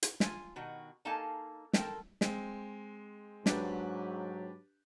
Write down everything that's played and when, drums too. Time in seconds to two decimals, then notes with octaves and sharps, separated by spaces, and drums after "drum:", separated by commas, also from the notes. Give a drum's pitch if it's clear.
0.03 drum: hi-hat
0.20 F4 G#5, drum: snare
0.56 B2 D#3 F#4
1.05 A#3 D#4 A4 F5 G#5 A5
1.73 C4 A4 A#4 G5, drum: snare
2.21 G#3 C4, drum: snare
3.46 G#2 F#3 D4 G4 B4, drum: snare